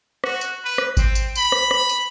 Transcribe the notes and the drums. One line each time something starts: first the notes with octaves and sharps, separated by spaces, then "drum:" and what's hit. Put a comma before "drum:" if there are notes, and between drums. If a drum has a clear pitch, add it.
F#4, drum: rim click
drum: tambourine
B4
drum: rim click
C4, drum: kick G#1, tambourine
drum: tambourine
B5, drum: tambourine
drum: rim click
drum: rim click
drum: tambourine